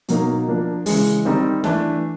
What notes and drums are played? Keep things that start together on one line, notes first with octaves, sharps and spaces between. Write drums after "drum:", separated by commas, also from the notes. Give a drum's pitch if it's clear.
B2 F#3 A#3 D#4, drum: hi-hat
F3 A#3 D4
C#3 E3 G#3, drum: open hi-hat
D#3 G3 C4 D#4
E3 A3 D4, drum: snare